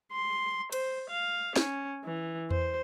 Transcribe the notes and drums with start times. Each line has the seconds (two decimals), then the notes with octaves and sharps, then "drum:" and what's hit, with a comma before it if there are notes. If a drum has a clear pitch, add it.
0.12 C6
0.72 C5, drum: cymbal
1.10 F5
1.56 C#4, drum: snare
2.04 E3
2.51 C5, drum: tom E2